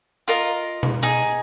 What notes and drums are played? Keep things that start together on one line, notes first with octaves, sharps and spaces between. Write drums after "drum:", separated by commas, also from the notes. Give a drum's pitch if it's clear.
F4 A#4 D#5
drum: tom B2
D#4 G#4